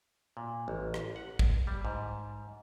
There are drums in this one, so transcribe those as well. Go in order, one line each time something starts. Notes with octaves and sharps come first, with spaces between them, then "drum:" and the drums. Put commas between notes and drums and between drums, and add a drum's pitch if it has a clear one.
A#2
A1
drum: rim click
F#5
drum: kick
G3
G#2